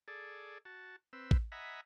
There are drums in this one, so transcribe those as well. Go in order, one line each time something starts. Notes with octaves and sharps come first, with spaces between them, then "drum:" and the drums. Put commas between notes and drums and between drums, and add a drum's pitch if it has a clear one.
G#4 A4 D5
F#4 A5
C4 B4 E6
drum: kick
D#5 E5 F#5 G#5 A#5 B5